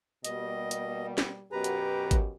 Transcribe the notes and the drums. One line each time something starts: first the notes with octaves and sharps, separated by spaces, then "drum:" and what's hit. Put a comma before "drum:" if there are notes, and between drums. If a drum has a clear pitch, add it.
B2 G3 A#3 D#5, drum: hi-hat
drum: hi-hat
drum: snare
F#2 B2 G4 B4 A#5
drum: hi-hat
drum: kick G#1, hi-hat